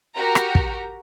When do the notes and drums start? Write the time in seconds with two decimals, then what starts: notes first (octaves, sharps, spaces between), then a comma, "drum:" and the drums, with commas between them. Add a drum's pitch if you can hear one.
0.15 F#4 G4 A#4 A#5
0.35 drum: rim click
0.55 drum: kick